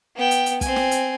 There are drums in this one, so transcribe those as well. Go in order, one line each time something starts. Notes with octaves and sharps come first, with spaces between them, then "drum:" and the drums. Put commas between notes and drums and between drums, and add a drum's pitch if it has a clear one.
B3 G5
drum: hi-hat
drum: hi-hat
C4 G#5, drum: kick, hi-hat
drum: snare
drum: hi-hat